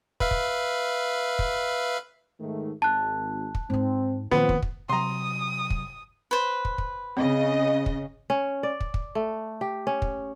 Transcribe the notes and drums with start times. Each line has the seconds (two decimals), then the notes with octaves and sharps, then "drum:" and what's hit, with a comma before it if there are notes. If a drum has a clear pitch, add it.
0.20 B4 E5 F5, drum: kick
0.31 drum: kick
1.39 drum: kick
2.39 G#2 D#3 A3
2.82 G#1 A5 F#6
3.55 drum: kick
3.70 G#2 C4 D#4
4.31 A#2 D#3 F3 B3 C4
4.49 drum: kick
4.62 drum: kick
4.89 C3 F#3 A#5 C6 D#6
5.70 drum: kick
6.31 B4 C5
6.65 drum: kick
6.78 drum: kick
7.17 C#3 C4 D#5
7.86 drum: kick
8.30 C#4
8.63 D5
8.81 drum: kick
8.94 drum: kick
9.15 A3
9.61 G4
9.87 C#4
10.02 drum: kick